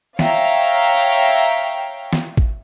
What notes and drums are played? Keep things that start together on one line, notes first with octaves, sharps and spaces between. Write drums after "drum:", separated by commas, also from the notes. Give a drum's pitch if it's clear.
C#5 E5 F5 G5 A#5, drum: snare
drum: snare
drum: kick A1